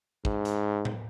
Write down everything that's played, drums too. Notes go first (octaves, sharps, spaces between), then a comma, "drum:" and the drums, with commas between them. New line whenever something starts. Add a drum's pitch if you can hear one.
G#2, drum: kick
drum: hi-hat
drum: tom A2